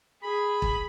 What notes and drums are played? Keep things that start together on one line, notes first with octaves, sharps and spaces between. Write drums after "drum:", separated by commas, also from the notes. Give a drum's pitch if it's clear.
G#4 B5
drum: kick E1